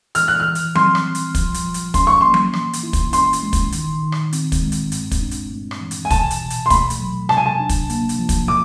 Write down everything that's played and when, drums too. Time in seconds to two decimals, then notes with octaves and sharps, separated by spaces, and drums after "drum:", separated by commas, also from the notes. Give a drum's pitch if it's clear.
0.15 E3 F6, drum: hi-hat
0.28 F#6
0.40 F6
0.45 E3
0.55 drum: hi-hat
0.75 C4 C6, drum: tom F#3
0.95 drum: rim click
1.04 G3
1.15 drum: hi-hat
1.35 F3, drum: kick, hi-hat
1.54 drum: hi-hat
1.64 F3
1.74 drum: hi-hat
1.94 C#4 C6, drum: kick, hi-hat
2.07 C#6
2.21 A#3 C6
2.34 drum: tom F#3
2.53 E3, drum: rim click
2.73 drum: hi-hat
2.83 E4
2.93 drum: kick, hi-hat
3.13 C#4 C6, drum: hi-hat
3.33 drum: hi-hat
3.43 G#3
3.53 drum: kick, hi-hat
3.72 D#3, drum: hi-hat
4.02 D#3
4.12 drum: rim click
4.33 C4, drum: hi-hat
4.52 drum: kick, hi-hat
4.62 G#3
4.72 drum: hi-hat
4.92 G2, drum: hi-hat
5.11 drum: kick, hi-hat
5.21 D4
5.31 drum: hi-hat
5.51 A3
5.71 drum: rim click
5.81 E3
5.91 drum: hi-hat
6.05 G#5
6.10 B2 A5, drum: kick, hi-hat
6.31 drum: hi-hat
6.40 B2
6.50 drum: hi-hat
6.66 C6
6.70 A3 B5, drum: kick, hi-hat
6.90 drum: hi-hat
7.00 F#3
7.29 C3 A5, drum: rim click
7.37 G#5
7.46 A5
7.60 D4
7.69 drum: kick, hi-hat
7.90 A#3, drum: hi-hat
8.09 drum: hi-hat
8.19 F3
8.29 drum: kick, hi-hat
8.48 B2 D6